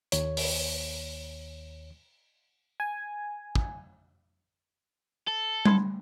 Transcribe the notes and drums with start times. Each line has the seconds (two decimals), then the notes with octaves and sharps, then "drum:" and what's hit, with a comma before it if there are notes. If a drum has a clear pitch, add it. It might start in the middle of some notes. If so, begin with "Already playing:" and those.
0.12 D#2 C#5, drum: hi-hat
0.37 drum: open hi-hat
2.80 G#5
3.55 drum: kick
5.27 A4
5.65 B5 C6 G#6, drum: tom G3